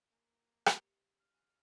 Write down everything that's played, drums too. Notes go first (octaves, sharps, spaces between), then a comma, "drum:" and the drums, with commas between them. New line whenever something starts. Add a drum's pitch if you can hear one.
A#3 G#5 A#5
drum: rim click
G4 C#7
F5
G#5 F#6